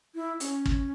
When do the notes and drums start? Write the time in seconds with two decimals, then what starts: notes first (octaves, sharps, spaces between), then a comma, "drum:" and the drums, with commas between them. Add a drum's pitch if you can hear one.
0.15 E4
0.40 C#4, drum: hi-hat
0.66 drum: kick